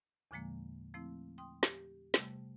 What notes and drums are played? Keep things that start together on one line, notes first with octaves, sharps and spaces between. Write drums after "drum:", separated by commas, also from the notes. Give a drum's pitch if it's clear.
E2 A#2 D3 F3 G#3 A#3
F3 A3 C4 E4
G5 C6 D#6
G4, drum: snare
C3 G3 A3, drum: snare